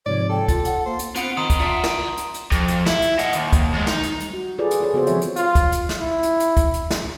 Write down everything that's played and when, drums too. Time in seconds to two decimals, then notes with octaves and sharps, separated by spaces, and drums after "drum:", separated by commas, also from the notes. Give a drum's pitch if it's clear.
0.06 G#2 C3 F3 C#5 D5
0.30 A4 G5
0.49 F4 A6, drum: kick, hi-hat
0.65 F#5, drum: hi-hat
0.86 A#3 C5
0.99 drum: hi-hat
1.16 B3 C4 F4 F#5 D7, drum: hi-hat
1.37 D#3 A#5 C6 D#6
1.50 drum: kick, hi-hat
1.59 F4 D5 E5 F#5 A5
1.84 drum: snare
2.17 drum: hi-hat
2.34 drum: hi-hat
2.52 F2, drum: kick, hi-hat
2.68 drum: hi-hat
2.86 E4, drum: snare
3.02 drum: hi-hat
3.19 D#5 F#5, drum: hi-hat
3.33 D#2, drum: hi-hat
3.53 drum: kick, hi-hat
3.73 D#2 G#3
3.87 D#4, drum: snare
4.03 drum: hi-hat
4.20 G3, drum: hi-hat
4.33 F#4
4.58 F4 G#4 A4 B4 D5
4.71 drum: hi-hat
4.81 F4 G#4 A4 C#5
4.93 C#3 B3 F#4 G#4 C5
5.07 F3 G#3 C4 F4 C#5 E5, drum: hi-hat
5.22 drum: hi-hat
5.36 F4, drum: hi-hat
5.55 drum: kick, hi-hat
5.72 drum: hi-hat
5.89 drum: snare
6.00 E4
6.23 drum: hi-hat
6.40 drum: hi-hat
6.57 drum: kick, hi-hat
6.74 drum: hi-hat
6.90 drum: snare